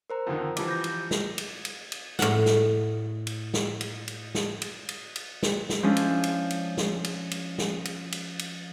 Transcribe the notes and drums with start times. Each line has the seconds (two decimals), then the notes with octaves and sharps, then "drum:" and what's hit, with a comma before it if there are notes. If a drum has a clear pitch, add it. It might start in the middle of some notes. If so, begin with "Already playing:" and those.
0.10 A#4 C5 A#5
0.27 F2 D3 D#3
0.57 E3 F3 G3 D6, drum: cymbal
0.68 G6 A#6
0.84 drum: cymbal
1.11 drum: snare
1.38 drum: cymbal
1.65 drum: cymbal
1.92 drum: cymbal
2.19 A2 F#5, drum: snare
2.46 drum: snare
3.27 drum: cymbal
3.54 drum: snare
3.81 drum: cymbal
4.08 drum: cymbal
4.35 drum: snare
4.62 drum: cymbal
4.89 drum: cymbal
5.16 drum: cymbal
5.43 drum: snare
5.70 drum: snare
5.83 F3 G#3 C#4 D4 E4 F4
5.97 drum: cymbal
6.24 drum: cymbal
6.51 drum: cymbal
6.77 drum: snare
7.04 drum: cymbal
7.31 drum: cymbal
7.58 drum: snare
7.85 drum: cymbal
8.12 drum: cymbal
8.39 drum: cymbal